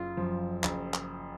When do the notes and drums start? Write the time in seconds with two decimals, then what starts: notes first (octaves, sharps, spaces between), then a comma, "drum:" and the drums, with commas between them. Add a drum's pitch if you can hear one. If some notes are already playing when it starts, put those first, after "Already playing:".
Already playing: F#1 F4
0.17 F#2 F3
0.64 F#1, drum: clap
0.94 drum: clap